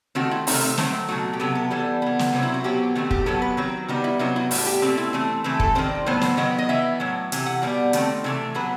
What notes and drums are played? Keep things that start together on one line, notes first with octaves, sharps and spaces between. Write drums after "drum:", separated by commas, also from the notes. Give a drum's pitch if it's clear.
D#3 A3 C4 F#4
E4
C3 D#3 A3 C4 D#4, drum: open hi-hat
D#3 F#3 A3 C4 C5, drum: snare
B2 F#3 A3 F#4
G4
C3 F#3 B3 A4
A4
E3 G3 B3 A4
E3 B3
drum: snare
C3 F#3 C4
E4
F#4
B2 F#3 B3 G4
D#3 A3 C4 F#4
G4, drum: kick
B2 F#3 B3 A4
B4
D#3 F#3 C4
D#3 G3 B3 D#4
E4
C3 F#3 B3 D#4
E4
A2 G3 B3 F#4, drum: open hi-hat
G4
B2 A3 C4 G4
E4
E3 A3 C4
E3 A3 C4 B4
A4, drum: kick
D#3 G3 C4 C5
A2 F#3 B3 C5
C5, drum: snare
D#3 F#3 B3 D#5
D#5
E3 B3 E5
A2 F#3
C3 E3, drum: hi-hat
F#5
B2 G3 B3
D#3 A3 C4, drum: hi-hat
C3 E3 A3
A2 F#3 B3 B4